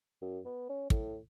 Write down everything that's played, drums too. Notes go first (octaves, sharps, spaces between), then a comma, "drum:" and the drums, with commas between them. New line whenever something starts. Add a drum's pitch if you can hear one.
F#2
B3
C#4
A2, drum: kick